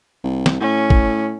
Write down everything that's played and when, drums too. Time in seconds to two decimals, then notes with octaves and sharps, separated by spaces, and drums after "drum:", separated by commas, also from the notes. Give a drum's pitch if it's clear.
0.24 C2
0.46 drum: snare
0.61 A2 C#4
0.90 drum: kick